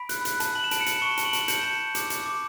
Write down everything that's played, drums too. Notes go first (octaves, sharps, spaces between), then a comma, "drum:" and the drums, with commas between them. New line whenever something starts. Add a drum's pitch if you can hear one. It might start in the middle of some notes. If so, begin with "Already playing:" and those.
Already playing: B5 B6 D7
F#6, drum: hi-hat
F#6, drum: hi-hat
A5, drum: hi-hat
A5 F#7
E7
A5 D7, drum: hi-hat
C#7 E7
A5, drum: hi-hat
C#6 E7 G7
A5, drum: hi-hat
D7 F#7
A5, drum: hi-hat
G6 C#7 E7, drum: hi-hat
A5
G6
D6, drum: hi-hat
D6, drum: hi-hat
D6